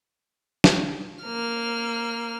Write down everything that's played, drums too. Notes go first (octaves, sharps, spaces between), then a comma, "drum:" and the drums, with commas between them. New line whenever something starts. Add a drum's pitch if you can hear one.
drum: snare
A#3 F6